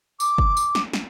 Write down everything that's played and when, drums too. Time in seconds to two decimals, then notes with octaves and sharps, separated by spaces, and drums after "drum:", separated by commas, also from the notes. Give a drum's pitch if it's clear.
0.20 D6, drum: tambourine
0.38 drum: kick
0.57 drum: tambourine
0.75 drum: snare
0.93 drum: snare